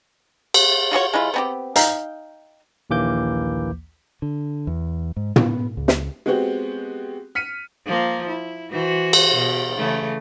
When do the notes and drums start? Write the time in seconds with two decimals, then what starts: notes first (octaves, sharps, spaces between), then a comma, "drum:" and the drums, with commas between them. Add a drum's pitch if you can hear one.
0.54 drum: cymbal
0.91 F4 F#4 G#4 C#5
1.13 G#3 E4 F4
1.34 B3 C4 G4
1.76 D#4 F5 G5, drum: hi-hat
2.90 A#1 D#2 E3 A#3 D6 G6
4.22 D3
4.67 E2
5.17 G#2
5.36 B3, drum: tom
5.77 C#2
5.88 drum: snare
6.26 G#3 B3 C4 F#4 G4
7.35 F6 B6 C#7 D#7
7.86 F3 A#3
8.27 E4
8.71 E3 F#4 C5
9.13 drum: cymbal
9.34 B2
9.78 C#3 E3 A3